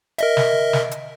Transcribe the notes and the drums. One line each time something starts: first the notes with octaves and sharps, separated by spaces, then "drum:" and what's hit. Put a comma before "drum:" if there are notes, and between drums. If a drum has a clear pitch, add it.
A#4 D#5 E5, drum: hi-hat
drum: snare
drum: snare
drum: hi-hat